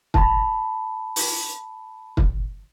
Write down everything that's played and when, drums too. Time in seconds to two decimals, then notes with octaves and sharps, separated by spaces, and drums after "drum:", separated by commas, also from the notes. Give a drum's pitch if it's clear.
0.14 A5 B5, drum: kick
1.16 drum: open hi-hat
2.17 drum: kick